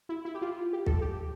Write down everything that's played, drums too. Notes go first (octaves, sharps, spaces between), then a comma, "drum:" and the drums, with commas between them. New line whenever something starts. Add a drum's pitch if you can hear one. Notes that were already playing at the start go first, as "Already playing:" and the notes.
E4
E4
G4
F4
G4
A4, drum: kick
G4